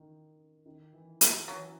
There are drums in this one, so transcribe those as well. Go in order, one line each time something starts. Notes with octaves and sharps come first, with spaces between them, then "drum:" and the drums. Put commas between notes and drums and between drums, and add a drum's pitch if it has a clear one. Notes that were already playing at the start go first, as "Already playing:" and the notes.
Already playing: D#3
D#3
E3
F#3, drum: hi-hat
E3 F#3